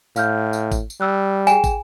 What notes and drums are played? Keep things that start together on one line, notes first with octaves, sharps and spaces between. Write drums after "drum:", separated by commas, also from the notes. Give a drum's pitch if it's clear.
A2 F5 F6 G6, drum: tambourine
drum: tambourine
drum: kick, tambourine
drum: tambourine
G3 E6 F#6
G#4 G5 G#5 E7, drum: tambourine
drum: kick, tambourine